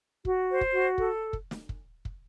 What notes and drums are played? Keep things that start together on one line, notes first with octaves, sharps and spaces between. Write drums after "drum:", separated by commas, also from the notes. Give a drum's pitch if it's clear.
F#4, drum: kick
C5
drum: kick
F#4
A4, drum: kick
drum: kick
drum: snare
drum: kick
drum: kick